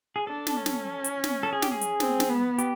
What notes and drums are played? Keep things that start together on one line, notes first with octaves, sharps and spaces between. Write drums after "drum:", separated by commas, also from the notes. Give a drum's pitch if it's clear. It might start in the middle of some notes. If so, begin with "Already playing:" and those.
G#4
D4 A4
drum: snare
C#4
drum: snare
drum: hi-hat
drum: snare
A4
G#4
G4, drum: snare
G#4
drum: hi-hat
C4, drum: snare
drum: snare
B3
G4, drum: hi-hat